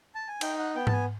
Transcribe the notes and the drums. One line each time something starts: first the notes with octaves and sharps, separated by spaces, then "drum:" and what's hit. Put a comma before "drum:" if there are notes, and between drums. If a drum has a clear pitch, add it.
A5
G#5
D#4 G5, drum: cymbal
F#5
B3 G5
A5, drum: tom G#2
G#5